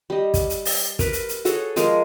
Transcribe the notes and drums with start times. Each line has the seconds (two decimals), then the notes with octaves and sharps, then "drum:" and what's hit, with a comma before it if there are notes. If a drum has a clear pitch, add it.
0.10 G3 D#5
0.34 drum: kick, hi-hat
0.49 drum: hi-hat
0.65 drum: open hi-hat
0.99 A#4 B4, drum: kick, hi-hat
1.13 drum: hi-hat
1.29 drum: hi-hat
1.45 F#4 G#4 A4 C#5, drum: hi-hat
1.76 F3 G#3 G#4 A#4, drum: hi-hat